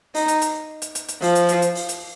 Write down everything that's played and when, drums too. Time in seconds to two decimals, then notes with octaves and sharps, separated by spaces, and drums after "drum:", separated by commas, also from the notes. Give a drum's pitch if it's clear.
0.15 D#4, drum: open hi-hat
0.28 drum: hi-hat
0.41 drum: hi-hat
0.82 drum: hi-hat
0.95 drum: hi-hat
1.08 drum: hi-hat
1.22 F3, drum: open hi-hat
1.35 drum: hi-hat
1.49 drum: hi-hat
1.62 drum: hi-hat
1.75 drum: open hi-hat
1.89 drum: hi-hat